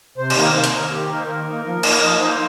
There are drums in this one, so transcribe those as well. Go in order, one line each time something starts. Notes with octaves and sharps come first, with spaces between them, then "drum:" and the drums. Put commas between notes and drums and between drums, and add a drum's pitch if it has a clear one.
C3 C5
G4, drum: cymbal
D#3 A#3 D#4
A#4
C3 C5
drum: hi-hat
D#3 A#3 D#4 A#4
D#3 G4
A#3 D#4 A#4
C5
D#3 A#4
A#3 D#4
F3
A#3 D#4, drum: cymbal
F3 D#5
A#3 D#4 C5